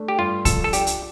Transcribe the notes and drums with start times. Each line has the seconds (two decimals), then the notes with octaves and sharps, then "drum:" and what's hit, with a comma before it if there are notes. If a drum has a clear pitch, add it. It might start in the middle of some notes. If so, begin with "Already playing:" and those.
Already playing: A3 D4
0.08 G4
0.18 G2 F4
0.45 F3 A4, drum: kick C2, hi-hat
0.64 A4
0.73 D4 G4, drum: hi-hat
0.87 drum: hi-hat